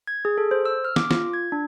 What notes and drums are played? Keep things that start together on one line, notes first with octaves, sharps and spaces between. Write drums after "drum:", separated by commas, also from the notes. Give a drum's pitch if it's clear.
G#6
G#4
A4
C5
E6
F6
D6, drum: snare
F4, drum: snare
G#6
D4